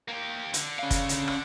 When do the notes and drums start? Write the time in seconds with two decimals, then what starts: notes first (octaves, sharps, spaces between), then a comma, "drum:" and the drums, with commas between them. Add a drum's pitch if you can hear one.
0.08 A#3 G4
0.54 D3, drum: hi-hat
0.79 C#4 F5
0.91 drum: kick, hi-hat
1.09 drum: hi-hat
1.28 drum: rim click